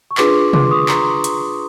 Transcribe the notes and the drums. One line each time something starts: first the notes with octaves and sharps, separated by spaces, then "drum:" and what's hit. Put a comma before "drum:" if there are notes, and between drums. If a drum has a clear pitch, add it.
C#6
D4 F4 G#4 B4 C6 D6, drum: clap
C6 D6, drum: tom C3
C#6 D#6
A#5 C6, drum: clap
drum: hi-hat